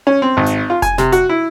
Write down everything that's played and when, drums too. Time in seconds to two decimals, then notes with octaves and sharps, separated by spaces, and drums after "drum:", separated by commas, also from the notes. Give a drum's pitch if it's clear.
0.07 C#4
0.22 C4
0.37 G#1
0.46 drum: hi-hat
0.70 F4
0.82 G#5, drum: kick F1, hi-hat
0.98 C3, drum: snare
1.12 F#4, drum: hi-hat
1.29 E4